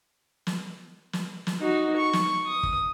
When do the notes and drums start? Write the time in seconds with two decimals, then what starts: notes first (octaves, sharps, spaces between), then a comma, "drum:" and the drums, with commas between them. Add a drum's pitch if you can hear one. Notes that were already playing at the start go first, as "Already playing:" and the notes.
0.47 drum: snare
1.13 drum: snare
1.47 drum: snare
1.60 D#4 F#4
1.97 C#6
2.13 drum: snare
2.47 D#6
2.63 drum: kick